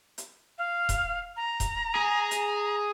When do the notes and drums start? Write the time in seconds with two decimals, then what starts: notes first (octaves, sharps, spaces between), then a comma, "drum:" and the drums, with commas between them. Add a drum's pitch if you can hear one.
0.18 drum: hi-hat
0.58 F5
0.89 drum: kick D#1, hi-hat
1.37 A#5
1.60 drum: kick D#1, hi-hat
1.95 G#4
2.31 drum: hi-hat